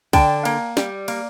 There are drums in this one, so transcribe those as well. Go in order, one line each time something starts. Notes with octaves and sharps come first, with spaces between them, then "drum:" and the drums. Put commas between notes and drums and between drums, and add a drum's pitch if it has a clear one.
D3 G5 A5, drum: kick, cymbal
A#3, drum: cymbal
G3, drum: snare
A#3, drum: cymbal